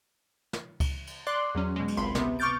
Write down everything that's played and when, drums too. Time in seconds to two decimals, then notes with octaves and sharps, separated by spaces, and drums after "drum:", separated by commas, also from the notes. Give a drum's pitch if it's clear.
0.53 drum: snare
0.80 drum: kick C#2, cymbal
1.07 drum: cymbal
1.27 D5 C6 D6 F#6
1.55 E2 F#3 C#4
1.76 B2 G#3
1.88 drum: cymbal
1.97 G#1 C#2 B5 C6
2.15 C3 B3, drum: snare
2.39 C#6 D6 F6 G6 A6 D7